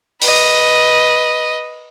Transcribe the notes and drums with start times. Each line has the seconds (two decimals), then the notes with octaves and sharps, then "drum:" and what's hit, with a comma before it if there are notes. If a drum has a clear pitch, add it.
0.22 B4 D#5, drum: open hi-hat